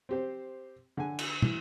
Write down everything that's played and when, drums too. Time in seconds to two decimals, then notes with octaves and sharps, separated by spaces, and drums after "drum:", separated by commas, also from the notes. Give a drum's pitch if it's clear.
0.09 C4 G4 C5
0.97 D3 F#5 G#5
1.19 drum: cymbal
1.42 E3, drum: tom